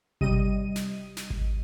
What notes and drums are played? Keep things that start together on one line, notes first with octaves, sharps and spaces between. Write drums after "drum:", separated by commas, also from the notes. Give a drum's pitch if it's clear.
C3 G3 D#5 D#7, drum: kick G#1
drum: snare
drum: snare
drum: kick G#1